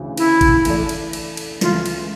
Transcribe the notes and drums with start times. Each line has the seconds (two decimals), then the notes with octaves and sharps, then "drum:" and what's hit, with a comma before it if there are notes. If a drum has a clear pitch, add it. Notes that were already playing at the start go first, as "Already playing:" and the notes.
Already playing: D2 C#3 E3
0.17 E4, drum: cymbal
0.41 drum: kick G#1, cymbal
0.65 E3 A3 E4 A4 D5, drum: cymbal
0.89 drum: cymbal
1.13 drum: cymbal
1.37 drum: cymbal
1.61 C#2 C#3 E3 A3 F4, drum: snare
1.86 drum: cymbal